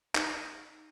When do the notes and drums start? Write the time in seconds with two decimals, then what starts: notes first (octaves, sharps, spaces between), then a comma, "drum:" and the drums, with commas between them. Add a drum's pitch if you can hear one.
0.15 D#4, drum: clap